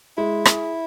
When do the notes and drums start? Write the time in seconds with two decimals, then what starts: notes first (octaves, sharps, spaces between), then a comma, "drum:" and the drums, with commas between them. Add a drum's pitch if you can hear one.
0.18 G#3 E4
0.45 G#4, drum: rim click